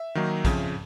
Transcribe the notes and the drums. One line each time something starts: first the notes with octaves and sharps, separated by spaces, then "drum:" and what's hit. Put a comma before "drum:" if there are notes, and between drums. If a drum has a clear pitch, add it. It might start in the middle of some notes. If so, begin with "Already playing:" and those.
Already playing: E5
D#3 F#3 A#3 D#4
F2 C#3 F3, drum: kick, hi-hat